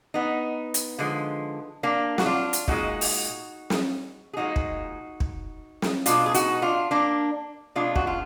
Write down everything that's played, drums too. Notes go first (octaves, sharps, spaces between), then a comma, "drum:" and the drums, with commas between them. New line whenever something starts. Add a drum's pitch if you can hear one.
B3 D#4
drum: hi-hat
D3 F3 G#3
A#3 D4
F#4, drum: snare
D4 F4
drum: hi-hat
A#2 G#3 D#4 F#4, drum: kick
drum: open hi-hat
drum: snare
G#4
A#2 F3 G#3 D#4 F#4
drum: kick
drum: kick
drum: snare
B2 G#3 D4 F4, drum: hi-hat
G#4
D#4 F#4, drum: hi-hat
D4 F4
A#3 D4
B2 G#3 D4 F4
F#4, drum: kick
F4